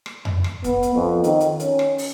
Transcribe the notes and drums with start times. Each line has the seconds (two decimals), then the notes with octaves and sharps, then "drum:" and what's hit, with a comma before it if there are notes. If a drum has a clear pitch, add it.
0.06 drum: rim click
0.25 drum: tom F2
0.44 drum: rim click
0.64 B3, drum: kick, hi-hat
0.83 drum: hi-hat
0.95 F2
1.24 D#3, drum: hi-hat
1.41 drum: hi-hat
1.60 C#4, drum: hi-hat
1.79 drum: rim click
1.98 drum: open hi-hat